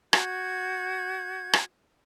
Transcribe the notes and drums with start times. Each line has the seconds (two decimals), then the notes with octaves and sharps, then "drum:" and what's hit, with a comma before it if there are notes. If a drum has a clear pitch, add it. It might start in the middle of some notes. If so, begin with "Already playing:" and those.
0.13 F#4 G6 G#6, drum: rim click
1.53 drum: rim click